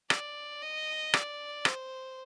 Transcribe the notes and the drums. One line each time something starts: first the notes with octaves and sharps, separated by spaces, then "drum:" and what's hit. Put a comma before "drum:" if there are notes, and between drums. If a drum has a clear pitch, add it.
D5, drum: rim click
D#5
D5, drum: rim click
C5, drum: rim click